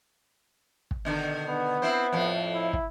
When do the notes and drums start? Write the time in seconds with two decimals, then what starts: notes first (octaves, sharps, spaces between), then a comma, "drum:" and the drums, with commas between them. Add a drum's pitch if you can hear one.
0.91 drum: kick
1.05 B2 D3 D#3
1.49 B3
1.82 C4 E4 C5
2.12 F2 A2 F3
2.55 E4
2.73 drum: kick